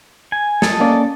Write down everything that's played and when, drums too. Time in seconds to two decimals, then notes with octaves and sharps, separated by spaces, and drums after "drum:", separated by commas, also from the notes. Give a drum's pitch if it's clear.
0.32 G#5
0.62 A4 D#5 A5, drum: snare
0.80 A#3 C#4 D5